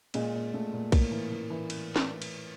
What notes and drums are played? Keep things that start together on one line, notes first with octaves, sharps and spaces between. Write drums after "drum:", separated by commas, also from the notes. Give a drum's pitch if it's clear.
A#2 G#3, drum: cymbal
A#2
A#2 A3
A#2
A2 A#3, drum: kick, cymbal
E3
E3
E3
drum: cymbal
drum: snare
drum: cymbal